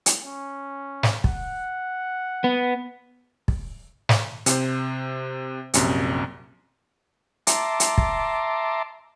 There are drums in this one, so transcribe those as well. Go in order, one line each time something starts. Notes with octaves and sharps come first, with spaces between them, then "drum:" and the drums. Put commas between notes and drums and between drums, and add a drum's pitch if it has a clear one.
drum: hi-hat
C#4
drum: snare
F#5, drum: kick
B3
drum: kick
drum: snare
C3 C5, drum: hi-hat
A#1 F#2 C3, drum: hi-hat
E5 A5 A#5 C6 D6, drum: hi-hat
drum: hi-hat
drum: kick